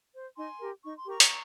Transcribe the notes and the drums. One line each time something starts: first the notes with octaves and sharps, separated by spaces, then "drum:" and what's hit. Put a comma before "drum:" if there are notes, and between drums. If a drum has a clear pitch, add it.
C5
D#4 G#5 C6
G4 A#4
D#4 C#6
C6
G4 A#4 A#5 C#6
drum: hi-hat